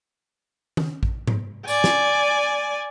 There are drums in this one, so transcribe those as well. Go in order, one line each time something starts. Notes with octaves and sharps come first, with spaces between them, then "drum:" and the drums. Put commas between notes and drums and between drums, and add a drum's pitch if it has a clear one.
drum: tom D#3
drum: kick
drum: tom G#2
D5 G#5, drum: tambourine
drum: snare